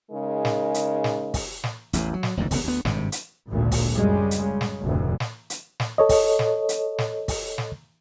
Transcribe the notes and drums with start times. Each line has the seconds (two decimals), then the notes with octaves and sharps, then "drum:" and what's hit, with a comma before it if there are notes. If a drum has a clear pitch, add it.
0.10 C#3 G#3 D#4 A#4
0.45 drum: snare
0.74 drum: hi-hat
1.04 drum: snare
1.34 drum: kick, open hi-hat
1.64 drum: snare
1.93 A1 E2 A2, drum: hi-hat
2.14 F#3
2.23 drum: snare
2.37 F#1 D2 G#2 E3
2.51 E1 C#3 G3 B3, drum: kick, open hi-hat
2.64 D2 B3
2.85 G#1 G2 C3, drum: snare
3.12 drum: hi-hat
3.49 G#1 D2 A#2
3.72 drum: kick, open hi-hat
3.94 F#2 C#3 G3 G#3
4.31 drum: hi-hat
4.43 C#3
4.61 drum: snare
4.84 F1 D2 A2
5.20 drum: snare
5.50 drum: hi-hat
5.80 drum: snare
5.98 A4 C#5 D#5
6.09 drum: kick, open hi-hat
6.39 drum: snare
6.69 drum: hi-hat
6.98 drum: snare
7.28 drum: kick, open hi-hat
7.58 drum: snare